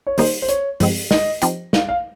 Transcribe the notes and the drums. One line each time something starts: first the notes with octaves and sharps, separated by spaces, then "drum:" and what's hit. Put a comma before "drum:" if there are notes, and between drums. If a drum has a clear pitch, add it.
C#5
D#3 G3 A#3 D#4 G#4 C5, drum: open hi-hat
C5
C#5, drum: hi-hat
G2 F3 G#3 C4, drum: open hi-hat
D#5, drum: snare
F3 C4 D#4 G4, drum: hi-hat
F5, drum: snare
F5